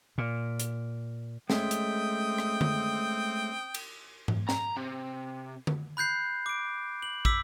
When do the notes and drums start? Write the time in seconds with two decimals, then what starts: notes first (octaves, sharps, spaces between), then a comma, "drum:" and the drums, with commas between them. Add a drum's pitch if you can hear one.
0.18 A#2
0.60 drum: hi-hat
1.50 G#3 A3 C4 C#4 G5 D#6, drum: snare
1.71 drum: hi-hat
2.38 drum: rim click
2.61 drum: tom D3
3.74 drum: cymbal
4.28 drum: tom G#2
4.49 A#5, drum: snare
4.77 C3
5.67 drum: tom D3
5.97 B5 F#6 G6 C7
6.46 D6 D7
7.02 F#7
7.25 D6 E6 B6, drum: kick